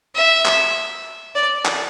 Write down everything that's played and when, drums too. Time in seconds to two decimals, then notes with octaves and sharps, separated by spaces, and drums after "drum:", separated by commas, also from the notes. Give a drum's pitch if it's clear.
0.15 E5
0.46 drum: clap
1.35 D5
1.66 drum: clap